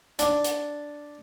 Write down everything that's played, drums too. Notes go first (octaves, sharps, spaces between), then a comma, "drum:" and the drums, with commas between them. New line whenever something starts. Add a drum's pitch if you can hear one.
D4, drum: hi-hat
drum: hi-hat